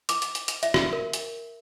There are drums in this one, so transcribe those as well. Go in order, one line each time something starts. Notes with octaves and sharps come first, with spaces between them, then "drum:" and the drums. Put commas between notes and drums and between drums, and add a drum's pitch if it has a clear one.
D6, drum: hi-hat
drum: hi-hat
drum: hi-hat
drum: hi-hat
E5, drum: hi-hat
drum: rim click
A#4
drum: hi-hat